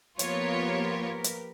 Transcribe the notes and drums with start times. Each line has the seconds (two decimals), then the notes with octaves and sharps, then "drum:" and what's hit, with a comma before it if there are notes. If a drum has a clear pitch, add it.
0.19 F3 A#3 B3 F4 G4 A#4 B4 C#5, drum: hi-hat
1.24 drum: hi-hat